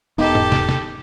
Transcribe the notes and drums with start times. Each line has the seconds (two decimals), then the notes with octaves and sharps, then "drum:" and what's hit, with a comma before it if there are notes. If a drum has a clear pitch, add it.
0.18 E1 B3 D#4 G4 A4
0.35 drum: tom G#2
0.52 drum: snare
0.69 drum: snare